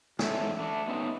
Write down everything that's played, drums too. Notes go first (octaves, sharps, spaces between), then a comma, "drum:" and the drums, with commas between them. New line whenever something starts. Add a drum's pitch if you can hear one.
E2 G#2 C#4 A4 E5, drum: snare
A3 D4
A3 B3 C#4 D#4